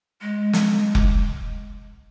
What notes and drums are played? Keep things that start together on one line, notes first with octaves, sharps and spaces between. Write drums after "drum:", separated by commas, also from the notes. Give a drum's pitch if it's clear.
G#3
drum: snare
drum: kick F1